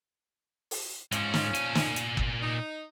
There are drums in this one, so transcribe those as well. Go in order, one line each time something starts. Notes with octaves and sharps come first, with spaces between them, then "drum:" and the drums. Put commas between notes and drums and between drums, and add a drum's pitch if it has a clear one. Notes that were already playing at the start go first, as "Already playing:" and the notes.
drum: open hi-hat
G#2 F3 G#3 C#4, drum: hi-hat
drum: snare
A#2 G#5, drum: hi-hat
drum: snare
drum: hi-hat
drum: kick
D#4